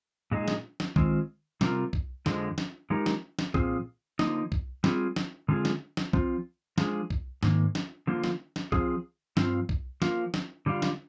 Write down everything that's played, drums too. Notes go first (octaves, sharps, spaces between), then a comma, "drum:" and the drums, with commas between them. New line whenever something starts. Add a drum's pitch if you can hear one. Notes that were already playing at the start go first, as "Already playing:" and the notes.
A#2 G#3 D#4 G#4
drum: snare
drum: snare
D#3 G#3 C4 F4, drum: kick
C3 G3 C4 F4 A#4, drum: snare
drum: kick
F2 D3 F3 G#3, drum: snare
drum: snare
F3 G#3 D#4 G4 A#4
drum: snare
drum: snare
A#2 F3 C4 F4 G#4, drum: kick
D3 F3 A#3 D#4, drum: snare
drum: kick
G3 C4 F4 G#4, drum: snare
drum: snare
D3 G#3 C4 F4 G#4
drum: snare
drum: snare
F3 C4 F4, drum: kick
F3 G#3 D4 F4 G#4, drum: snare
drum: kick
G#2 D#3 A#3, drum: snare
drum: snare
D3 F3 A#3 F4
drum: snare
drum: snare
F3 C4 F4 G#4, drum: kick
G2 F3 C4 F4, drum: snare
drum: kick
F3 A#3 F4, drum: snare
drum: snare
D3 G3 D4 F4
drum: snare